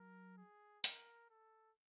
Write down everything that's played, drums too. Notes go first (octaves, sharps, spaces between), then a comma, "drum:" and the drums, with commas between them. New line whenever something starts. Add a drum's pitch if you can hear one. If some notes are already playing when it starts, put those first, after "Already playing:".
Already playing: F#3 A#4
G#4
A#4, drum: hi-hat
A4